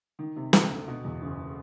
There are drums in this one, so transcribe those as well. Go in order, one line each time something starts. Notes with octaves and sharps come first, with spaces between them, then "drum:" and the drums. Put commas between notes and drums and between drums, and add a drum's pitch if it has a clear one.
D#3
C3
D2, drum: snare
D2
B2
E2
F#1